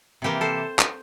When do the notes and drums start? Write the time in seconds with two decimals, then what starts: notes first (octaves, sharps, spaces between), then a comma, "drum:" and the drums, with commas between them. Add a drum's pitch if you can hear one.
0.22 C3 E3 A#3 G4 A#4
0.41 A4 C5
0.79 drum: clap